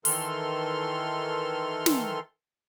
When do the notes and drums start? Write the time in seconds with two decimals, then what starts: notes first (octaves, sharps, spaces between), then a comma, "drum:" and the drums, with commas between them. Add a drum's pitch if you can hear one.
0.05 D#3 E3 A4 C6 F6, drum: open hi-hat
1.86 drum: snare